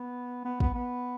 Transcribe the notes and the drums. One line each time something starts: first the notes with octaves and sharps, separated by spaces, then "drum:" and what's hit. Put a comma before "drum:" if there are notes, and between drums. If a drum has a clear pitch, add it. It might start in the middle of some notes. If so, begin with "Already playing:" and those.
Already playing: B3
B3
B3, drum: kick
B3